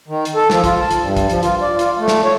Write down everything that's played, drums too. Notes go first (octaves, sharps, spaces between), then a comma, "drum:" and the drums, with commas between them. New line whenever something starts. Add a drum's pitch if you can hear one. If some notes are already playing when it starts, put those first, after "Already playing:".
D#3
drum: hi-hat
A4
F3, drum: snare
F4, drum: kick, hi-hat
A5
drum: hi-hat
G2
drum: kick, hi-hat
F3, drum: hi-hat
F4, drum: hi-hat
D5
F4, drum: hi-hat
A3
drum: snare
C#5